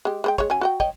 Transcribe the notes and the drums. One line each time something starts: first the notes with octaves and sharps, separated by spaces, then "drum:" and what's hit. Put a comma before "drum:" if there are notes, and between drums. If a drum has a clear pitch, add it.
G#3 G4
G#3 C5 G5
G#3 C#5, drum: kick
F#3 C#4 G#5
F#4 D#5 G5
C#5 D#5 G5, drum: kick